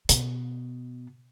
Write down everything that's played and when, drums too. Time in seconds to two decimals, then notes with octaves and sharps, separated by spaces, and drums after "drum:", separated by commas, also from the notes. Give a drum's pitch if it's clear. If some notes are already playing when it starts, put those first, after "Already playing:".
0.09 B2, drum: hi-hat